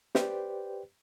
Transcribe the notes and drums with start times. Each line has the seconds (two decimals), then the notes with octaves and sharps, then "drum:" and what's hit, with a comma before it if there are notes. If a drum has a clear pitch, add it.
0.15 G4 B4 C5 D5 G5, drum: snare